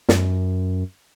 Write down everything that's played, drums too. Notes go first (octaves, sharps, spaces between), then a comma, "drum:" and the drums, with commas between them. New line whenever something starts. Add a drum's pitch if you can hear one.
F#2, drum: snare